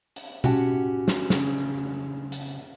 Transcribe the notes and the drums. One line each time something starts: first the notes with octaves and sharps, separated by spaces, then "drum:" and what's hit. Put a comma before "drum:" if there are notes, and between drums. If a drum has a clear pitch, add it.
drum: hi-hat
C#4 F#4 G4 F#5 G5 A5, drum: tom B2
drum: snare
C#3, drum: snare
drum: hi-hat